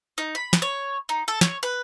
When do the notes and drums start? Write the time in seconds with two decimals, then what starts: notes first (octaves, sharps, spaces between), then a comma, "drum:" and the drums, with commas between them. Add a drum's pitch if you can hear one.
0.18 D#4
0.35 B5
0.53 drum: snare
0.62 C#5
1.09 D#4
1.28 A4
1.41 C#5, drum: snare
1.63 B4